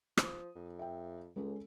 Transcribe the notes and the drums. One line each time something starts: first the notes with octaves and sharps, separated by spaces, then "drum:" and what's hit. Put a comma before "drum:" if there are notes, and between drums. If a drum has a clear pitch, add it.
F3 D#6, drum: rim click
F2
E5 G5
C#2 G#3 C#4 A4